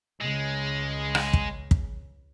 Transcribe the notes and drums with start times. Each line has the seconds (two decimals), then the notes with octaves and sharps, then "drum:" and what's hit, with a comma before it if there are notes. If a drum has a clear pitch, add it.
0.21 C#2 C#3 G#3
1.15 drum: rim click
1.33 drum: kick
1.71 drum: kick